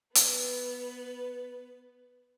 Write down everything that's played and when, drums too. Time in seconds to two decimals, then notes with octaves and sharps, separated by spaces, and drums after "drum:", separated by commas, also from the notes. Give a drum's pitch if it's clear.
0.15 B3 B4, drum: hi-hat